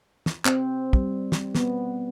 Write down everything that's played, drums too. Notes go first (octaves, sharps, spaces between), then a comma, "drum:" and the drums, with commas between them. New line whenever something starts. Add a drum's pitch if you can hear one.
drum: snare
C4, drum: clap
G3, drum: kick
drum: snare
B3, drum: snare